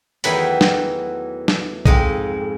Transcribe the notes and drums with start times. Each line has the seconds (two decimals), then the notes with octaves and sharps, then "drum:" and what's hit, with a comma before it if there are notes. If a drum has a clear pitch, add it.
0.24 E2 D#3 E3 F#3 A3 B5, drum: hi-hat
0.61 drum: snare
1.48 drum: snare
1.86 F2 G#2 D#5, drum: kick B1